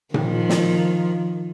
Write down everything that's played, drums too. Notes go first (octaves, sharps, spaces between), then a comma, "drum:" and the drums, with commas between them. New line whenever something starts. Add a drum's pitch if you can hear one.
D#3 F3, drum: tom A#2
drum: snare